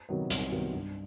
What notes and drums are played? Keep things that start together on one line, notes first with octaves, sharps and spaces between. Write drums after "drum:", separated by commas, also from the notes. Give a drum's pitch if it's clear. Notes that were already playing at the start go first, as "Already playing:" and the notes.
C3 D#3 F#3 B3
C2, drum: hi-hat
C3 D#3 F#3 B3
G2